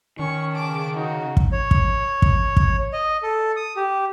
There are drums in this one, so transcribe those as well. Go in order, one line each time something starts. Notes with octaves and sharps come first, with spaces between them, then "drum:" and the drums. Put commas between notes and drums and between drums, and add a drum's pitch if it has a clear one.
D#3 C#4 C#6
C#3 A5 D6
D#4 F#4
drum: kick
C#5
drum: kick
drum: kick
drum: kick
D#5
A4
D#6
G4